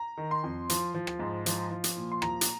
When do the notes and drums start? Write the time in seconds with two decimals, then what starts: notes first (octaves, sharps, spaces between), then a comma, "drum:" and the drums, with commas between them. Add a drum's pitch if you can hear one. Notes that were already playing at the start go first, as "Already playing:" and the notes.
Already playing: A#5
0.17 D#3
0.31 C6
0.44 F2
0.69 F3, drum: hi-hat
0.94 F3
1.07 drum: rim click
1.19 G#2
1.46 F3, drum: hi-hat
1.71 F3
1.84 drum: hi-hat
1.97 A#2
2.12 C6
2.22 F3 A#5, drum: rim click
2.41 drum: hi-hat